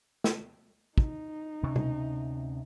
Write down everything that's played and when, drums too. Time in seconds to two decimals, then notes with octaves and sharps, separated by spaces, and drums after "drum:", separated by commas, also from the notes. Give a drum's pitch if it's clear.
0.24 drum: snare
0.98 D#4, drum: kick
1.63 D2 C3 C#4
1.76 drum: tom B2